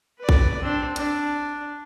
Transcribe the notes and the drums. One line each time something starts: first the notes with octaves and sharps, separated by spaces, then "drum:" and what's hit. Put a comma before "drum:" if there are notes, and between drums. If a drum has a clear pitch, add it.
B4 D5
drum: kick A#1
C4 D4
D4, drum: hi-hat